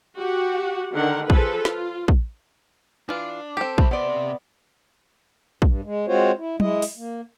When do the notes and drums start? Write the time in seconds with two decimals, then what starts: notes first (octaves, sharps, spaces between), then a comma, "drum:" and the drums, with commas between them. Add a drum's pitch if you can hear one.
0.17 F#4 G4 F#5
0.93 D3 D#3 A#4 F#5
1.30 F3 G#4 A4 B4, drum: kick
1.65 F4, drum: snare
2.08 drum: kick
3.09 E3 D4 F4
3.57 C4 G4 A4
3.78 C3 B5, drum: kick
3.91 C3 B3 D5 C6
5.62 G2, drum: kick
5.84 G#3
6.07 G#3 C4 F4 F#4 C5 C#5
6.38 E4
6.60 G#3 E4 D#5, drum: tom F#3
6.82 drum: open hi-hat
6.97 A#3